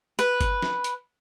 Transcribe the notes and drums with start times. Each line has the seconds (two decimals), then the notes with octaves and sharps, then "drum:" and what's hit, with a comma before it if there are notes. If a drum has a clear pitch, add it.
0.19 B4, drum: hi-hat
0.41 drum: kick G1, hi-hat
0.62 drum: snare
0.84 drum: hi-hat